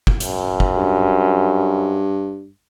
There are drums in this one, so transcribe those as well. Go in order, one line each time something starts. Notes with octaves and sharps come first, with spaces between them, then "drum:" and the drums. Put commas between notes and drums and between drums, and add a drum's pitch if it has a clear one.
drum: kick
F#2, drum: hi-hat
drum: kick
G2